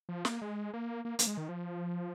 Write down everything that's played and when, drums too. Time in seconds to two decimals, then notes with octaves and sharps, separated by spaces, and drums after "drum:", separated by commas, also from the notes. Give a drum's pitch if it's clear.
0.09 F3
0.25 A#3, drum: snare
0.42 G#3
0.74 A#3
1.05 A#3
1.19 A#3, drum: hi-hat
1.27 G#3
1.37 D#3
1.49 F3